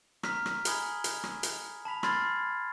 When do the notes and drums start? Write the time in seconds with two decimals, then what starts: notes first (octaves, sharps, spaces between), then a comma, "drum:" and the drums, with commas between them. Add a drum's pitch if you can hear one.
0.23 A#5 F6 B6, drum: rim click
0.46 drum: rim click
0.65 G#5 A#5 B5 D#6 G#6 G7, drum: hi-hat
1.04 drum: hi-hat
1.24 drum: rim click
1.43 drum: hi-hat
1.85 A5 B5 B6 F7
2.03 B5 C6 F6 G#6 A6 C7, drum: rim click